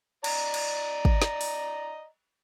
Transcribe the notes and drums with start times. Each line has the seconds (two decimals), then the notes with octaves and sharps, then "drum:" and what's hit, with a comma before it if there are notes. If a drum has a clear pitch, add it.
0.24 D5 D#5 A#5, drum: cymbal
0.54 drum: cymbal
1.05 drum: kick
1.22 drum: snare
1.41 drum: open hi-hat